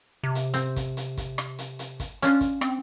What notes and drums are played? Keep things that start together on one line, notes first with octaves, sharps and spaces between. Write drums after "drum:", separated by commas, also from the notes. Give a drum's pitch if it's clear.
C3
drum: hi-hat
C4, drum: hi-hat
drum: kick, hi-hat
drum: hi-hat
drum: kick, hi-hat
drum: rim click
drum: hi-hat
drum: hi-hat
drum: kick, hi-hat
C#4 D4 F4, drum: hi-hat
drum: kick, hi-hat
C4, drum: rim click